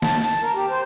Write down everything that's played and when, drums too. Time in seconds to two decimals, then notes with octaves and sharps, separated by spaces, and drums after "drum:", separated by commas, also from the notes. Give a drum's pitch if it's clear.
0.02 A5, drum: snare
0.24 A5, drum: hi-hat
0.41 A#4
0.55 G4
0.69 C5